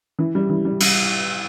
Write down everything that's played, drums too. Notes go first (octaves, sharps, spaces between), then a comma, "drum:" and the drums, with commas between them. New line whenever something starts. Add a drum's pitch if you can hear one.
E3
G3
E3
G3
G3, drum: cymbal